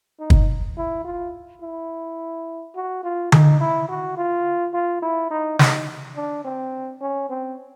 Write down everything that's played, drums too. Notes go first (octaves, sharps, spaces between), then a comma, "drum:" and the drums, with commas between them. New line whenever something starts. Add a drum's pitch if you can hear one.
D#4
drum: kick
E4
F4
E4
F#4
F4
D#4, drum: tom D3
E4
F#4
F4
F4
E4
D#4
D#4, drum: snare
D4
C4
C#4
C4